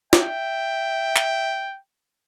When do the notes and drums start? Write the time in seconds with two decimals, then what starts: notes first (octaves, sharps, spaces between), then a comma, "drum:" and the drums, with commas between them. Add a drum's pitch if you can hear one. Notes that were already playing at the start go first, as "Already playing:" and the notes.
0.13 E5 G5, drum: snare
1.16 drum: clap